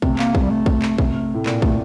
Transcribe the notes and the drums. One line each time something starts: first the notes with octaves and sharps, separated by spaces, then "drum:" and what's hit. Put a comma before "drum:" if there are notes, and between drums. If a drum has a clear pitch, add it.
C3 A3, drum: kick
A#3, drum: clap
A3, drum: kick
G3
A3
drum: kick
drum: clap
C3 A3, drum: kick
A2
A#2, drum: clap
A3, drum: kick